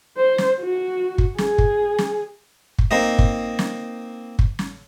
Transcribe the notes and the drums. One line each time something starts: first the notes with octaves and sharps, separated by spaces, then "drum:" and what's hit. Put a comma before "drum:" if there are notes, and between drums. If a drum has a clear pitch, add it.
C5
drum: snare
F#4
drum: kick
G#4, drum: snare
drum: kick
drum: snare
drum: kick
A#3 C4 D#4 D#5
drum: kick
drum: snare
drum: kick
drum: snare